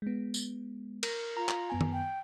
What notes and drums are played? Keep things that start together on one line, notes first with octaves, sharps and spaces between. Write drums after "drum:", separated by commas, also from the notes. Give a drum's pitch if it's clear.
G#3 B3
drum: tambourine
A#4 A#6, drum: cymbal
F4 A#5
drum: clap
F#2 B3 G#5
drum: tom
G5